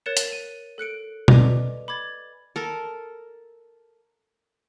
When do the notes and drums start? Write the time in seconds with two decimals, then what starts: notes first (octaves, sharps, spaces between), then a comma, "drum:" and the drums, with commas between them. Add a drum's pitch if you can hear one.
0.06 A#4 C#5 F#6 A6 C#7 E7
0.17 drum: hi-hat
0.32 D#7
0.78 A4 F#6 C#7 D7
1.28 B4 D5 D#5 G#5 D6 F7, drum: tom B2
1.88 B5 D6 G#6 A6
2.56 A4 A#4